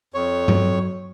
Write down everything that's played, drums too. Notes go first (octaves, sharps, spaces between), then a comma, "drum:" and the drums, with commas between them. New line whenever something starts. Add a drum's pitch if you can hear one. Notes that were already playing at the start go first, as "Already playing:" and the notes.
F2 C#5
F#3, drum: tom G2